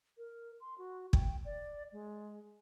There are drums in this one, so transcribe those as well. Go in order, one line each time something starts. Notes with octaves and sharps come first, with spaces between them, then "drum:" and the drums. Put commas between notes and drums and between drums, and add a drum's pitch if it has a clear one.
A#4
C6
F#4
G5, drum: kick
D5
G#3